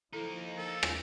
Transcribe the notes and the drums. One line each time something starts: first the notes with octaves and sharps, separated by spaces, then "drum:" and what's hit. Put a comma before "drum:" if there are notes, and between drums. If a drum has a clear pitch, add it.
F3 A#3 D#4 E4 A4
A4 A#4
drum: rim click